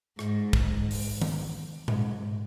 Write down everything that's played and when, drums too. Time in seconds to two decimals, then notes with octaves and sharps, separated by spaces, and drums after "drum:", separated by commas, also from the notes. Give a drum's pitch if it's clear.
0.19 G#2, drum: rim click
0.53 drum: kick
0.91 drum: open hi-hat
1.22 drum: tom D#3
1.88 G#2, drum: tom A#2